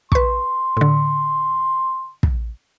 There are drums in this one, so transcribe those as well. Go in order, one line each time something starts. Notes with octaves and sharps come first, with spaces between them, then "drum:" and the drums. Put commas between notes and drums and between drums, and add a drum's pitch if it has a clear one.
B4 C6 C#6, drum: kick
A2 D3
drum: kick